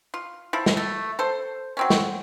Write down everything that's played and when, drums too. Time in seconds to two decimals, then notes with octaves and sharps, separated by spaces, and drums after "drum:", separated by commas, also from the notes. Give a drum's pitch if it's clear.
0.14 F4
0.53 F3 E4
0.66 drum: snare
0.77 A3
1.19 A4 C5
1.77 F#3 C4 C#4
1.90 drum: snare